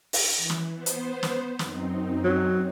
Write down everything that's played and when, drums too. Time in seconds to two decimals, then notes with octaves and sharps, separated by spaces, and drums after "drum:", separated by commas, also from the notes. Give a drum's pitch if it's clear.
0.13 drum: open hi-hat
0.37 E3
0.50 drum: snare
0.73 B3 C5
0.86 drum: hi-hat
1.23 drum: snare
1.59 F#2 C4 D#4, drum: snare
2.24 F#3